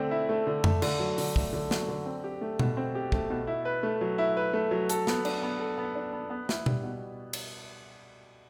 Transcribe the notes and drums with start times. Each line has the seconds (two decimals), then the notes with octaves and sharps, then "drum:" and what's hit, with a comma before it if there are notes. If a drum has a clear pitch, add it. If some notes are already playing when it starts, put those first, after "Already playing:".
Already playing: D3 A3 C4
0.11 E4
0.29 A3
0.47 D3
0.64 A3, drum: tom F2
0.82 D3, drum: cymbal
1.00 F#3
1.18 D3, drum: open hi-hat
1.36 A3, drum: kick
1.53 D3
1.71 F#3, drum: snare
1.88 D3
2.06 C4
2.24 G4
2.41 A3
2.59 B2, drum: tom B2
2.77 C4
2.95 G4
3.12 A3, drum: kick
3.30 B2
3.47 E4
3.65 B4
3.83 A3
4.01 F#3
4.18 E4
4.37 B4
4.53 A3
4.71 F#3
4.89 A4, drum: hi-hat
5.07 B3, drum: snare
5.25 D4, drum: cymbal
5.43 B3
5.60 A4
5.78 B3
5.95 D4
6.13 B3
6.30 B3
6.49 E4, drum: snare
6.66 G3, drum: tom B2
6.83 B2
7.33 drum: cymbal